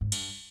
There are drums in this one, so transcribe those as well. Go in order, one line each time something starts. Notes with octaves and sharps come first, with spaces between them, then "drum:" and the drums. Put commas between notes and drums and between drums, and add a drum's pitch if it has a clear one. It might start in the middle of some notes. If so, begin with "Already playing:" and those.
G#2
G2, drum: cymbal